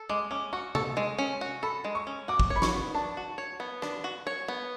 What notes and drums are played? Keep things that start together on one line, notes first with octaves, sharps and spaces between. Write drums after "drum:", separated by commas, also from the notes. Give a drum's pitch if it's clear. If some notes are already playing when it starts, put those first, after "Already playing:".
Already playing: A4
G#3 D6
C#4 D6
F#4 C#6
A4 C#6, drum: tom C3
G#3
C#4
F#4
A4 B5
G#3
C#6
C#4
F#4 D6
drum: kick
C#5
B5
C#6, drum: snare
B3
D4 A5
F#4
C#5
B3
D4, drum: rim click
F#4
C#5
B3